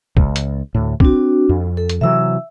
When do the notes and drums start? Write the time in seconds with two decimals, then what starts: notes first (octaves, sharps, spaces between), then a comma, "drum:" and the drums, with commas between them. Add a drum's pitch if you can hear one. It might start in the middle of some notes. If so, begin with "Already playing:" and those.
0.17 C#2, drum: kick
0.36 drum: hi-hat
0.75 D2 A2
1.00 C4 D4 F#4, drum: kick
1.49 F2
1.77 A4
1.89 drum: hi-hat
2.01 C3 E3 F#3 E5 E6